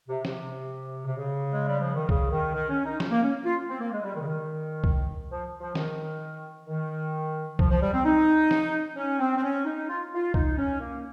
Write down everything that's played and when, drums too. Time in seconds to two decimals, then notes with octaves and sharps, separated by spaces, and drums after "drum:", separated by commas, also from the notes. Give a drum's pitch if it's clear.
0.09 C3
0.25 C3, drum: snare
1.06 C3
1.17 C#3
1.53 G#3
1.68 G3
1.81 F3
1.95 D#3
2.09 C#3, drum: kick C2
2.31 D#3
2.54 D#3
2.69 C#4
2.85 D#4
3.00 drum: snare
3.11 A#3
3.22 C#4
3.45 F4
3.69 C4
3.80 A#3
3.92 G#3
4.03 G3
4.15 D#3
4.20 C#3
4.26 D#3
4.84 drum: kick C2
5.30 F3
5.60 F3
5.75 D#3, drum: snare
6.67 D#3
7.59 F3, drum: kick C2
7.71 F3
7.82 G3
7.93 C4
8.05 D#4
8.51 drum: snare
8.96 C#4
9.19 C4
9.37 C4
9.43 C#4
9.65 D#4
9.88 F4
10.14 F4
10.34 D#4, drum: kick C2
10.58 C#4
10.80 A#3